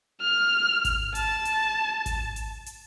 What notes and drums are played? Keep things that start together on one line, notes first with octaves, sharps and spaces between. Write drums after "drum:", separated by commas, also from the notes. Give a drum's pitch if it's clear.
F6
drum: kick G#1, hi-hat
A5, drum: hi-hat
drum: hi-hat
drum: kick G#1, hi-hat
drum: hi-hat
drum: hi-hat